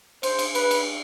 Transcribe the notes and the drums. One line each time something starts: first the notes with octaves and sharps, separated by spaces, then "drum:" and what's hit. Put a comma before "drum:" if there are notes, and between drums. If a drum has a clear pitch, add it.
C5, drum: cymbal
drum: cymbal
B4, drum: cymbal
drum: cymbal